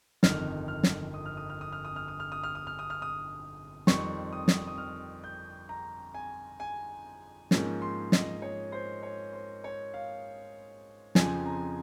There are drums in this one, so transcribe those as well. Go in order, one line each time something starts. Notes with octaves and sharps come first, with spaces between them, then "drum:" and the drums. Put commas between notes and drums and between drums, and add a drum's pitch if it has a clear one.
G1 F2 D#3 F6, drum: snare
F6
drum: snare
D#6
F6
D#6
F6
D#6
F6
D#6
F6
D#6
F6
D#6
F6
D#6
F6
D#6
F6
D#6
F2 D#3 G3 C4 C#6, drum: snare
D#6
drum: snare
D#6
F6
G6
A#5
G#5
G#5
G#2 F3 A#3 C#4, drum: snare
C6
D#5, drum: snare
C#5
C5
C#5
C5
C#5
F5
F2 C#3 F3 C4 G#5, drum: snare
A#5